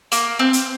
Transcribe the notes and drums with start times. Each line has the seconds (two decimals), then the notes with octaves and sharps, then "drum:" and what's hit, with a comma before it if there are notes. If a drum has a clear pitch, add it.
0.12 A#3, drum: hi-hat
0.39 C4
0.53 drum: hi-hat